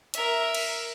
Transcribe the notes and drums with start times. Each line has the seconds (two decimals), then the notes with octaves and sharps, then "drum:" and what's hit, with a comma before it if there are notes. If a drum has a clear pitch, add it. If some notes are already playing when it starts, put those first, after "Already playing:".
0.14 A#4 E5, drum: hi-hat
0.55 drum: cymbal